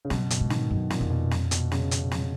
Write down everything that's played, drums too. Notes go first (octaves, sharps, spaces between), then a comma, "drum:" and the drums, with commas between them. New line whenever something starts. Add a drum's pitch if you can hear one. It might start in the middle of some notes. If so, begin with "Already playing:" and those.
C#3
F#2 B2, drum: snare
B2, drum: hi-hat
G#2
D#3, drum: snare
F#2 B2
A#2, drum: snare
F2
B2
A#2, drum: snare
B2, drum: hi-hat
C#3, drum: snare
drum: hi-hat
drum: snare